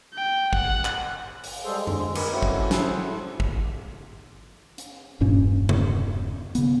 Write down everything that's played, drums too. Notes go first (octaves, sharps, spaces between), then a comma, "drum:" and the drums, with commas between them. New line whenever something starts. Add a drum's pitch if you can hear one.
G5
F#5, drum: kick
drum: clap
drum: open hi-hat
G3 G#3 G#4 A4 C5
G#3
drum: tom F#2
D#4 A#4 B4, drum: cymbal
A3 C4 C#4 E4 F#4
drum: kick
E4 G#4 A4 C5 F#5, drum: snare
drum: kick
drum: hi-hat
E1 G2 A#2 C#4
drum: tom C3
C#3 B3, drum: hi-hat